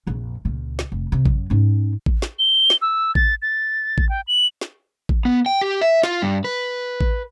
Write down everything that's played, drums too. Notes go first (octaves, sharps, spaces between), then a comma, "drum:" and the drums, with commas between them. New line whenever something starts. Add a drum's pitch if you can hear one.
A#1 F2
C#2 A#2
drum: snare
F1
C3
F#2, drum: kick A1
G#2 C#4
drum: kick A1
drum: snare
G7
drum: snare
E6
A6, drum: kick A1
A6
drum: kick A1
G5
F#7
drum: snare
drum: kick A1
B3
G5
G4
E5
F4, drum: snare
G2
B4
drum: kick A1